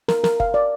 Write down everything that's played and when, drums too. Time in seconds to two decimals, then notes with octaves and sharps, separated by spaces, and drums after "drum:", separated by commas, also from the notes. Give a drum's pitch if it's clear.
0.08 A#4, drum: snare
0.24 A#4, drum: snare
0.40 F5, drum: kick F#1
0.54 D5